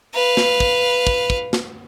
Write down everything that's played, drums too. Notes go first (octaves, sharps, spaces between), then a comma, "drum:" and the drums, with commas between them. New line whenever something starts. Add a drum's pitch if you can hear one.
B4 F5
drum: snare
drum: kick
drum: kick
drum: kick
drum: snare